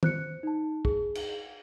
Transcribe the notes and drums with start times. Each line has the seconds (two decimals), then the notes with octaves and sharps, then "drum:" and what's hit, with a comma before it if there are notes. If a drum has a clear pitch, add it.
0.03 C5 F#6 C#7, drum: tom D#3
0.43 D#4 A5
0.85 G#4, drum: kick
1.15 drum: cymbal